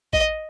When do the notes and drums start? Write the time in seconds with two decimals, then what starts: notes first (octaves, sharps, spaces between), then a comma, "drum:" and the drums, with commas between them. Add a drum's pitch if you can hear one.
0.13 D#5, drum: kick A1